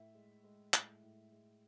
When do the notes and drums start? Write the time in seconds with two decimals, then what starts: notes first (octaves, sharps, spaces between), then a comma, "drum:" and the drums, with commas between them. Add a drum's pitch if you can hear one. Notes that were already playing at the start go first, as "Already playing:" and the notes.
Already playing: A2 E5
0.15 G#3
0.44 G#3
0.74 A2, drum: clap
1.03 A2
1.32 G#3